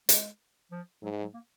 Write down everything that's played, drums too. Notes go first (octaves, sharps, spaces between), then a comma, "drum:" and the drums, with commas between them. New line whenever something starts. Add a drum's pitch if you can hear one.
G#3, drum: hi-hat
F3
G#2 F#3
G#3
F#3
A#3